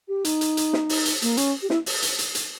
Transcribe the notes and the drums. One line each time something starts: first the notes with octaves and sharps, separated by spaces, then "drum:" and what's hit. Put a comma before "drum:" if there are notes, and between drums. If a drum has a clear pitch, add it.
G4
D#4, drum: hi-hat
drum: hi-hat
drum: hi-hat
drum: snare
drum: open hi-hat
drum: hi-hat
A#3, drum: hi-hat
C#4, drum: hi-hat
G4
E4, drum: snare
drum: open hi-hat
drum: hi-hat
drum: hi-hat
drum: hi-hat